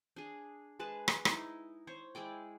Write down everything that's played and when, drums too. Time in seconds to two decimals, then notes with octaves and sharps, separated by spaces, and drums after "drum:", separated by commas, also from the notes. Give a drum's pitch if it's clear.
0.16 D4 G#4
0.79 G#3 G#4 B4 A5
1.08 drum: rim click
1.25 D#4 E4 D#5, drum: rim click
1.87 C5 C#5
2.15 G#3 E4 D5 G5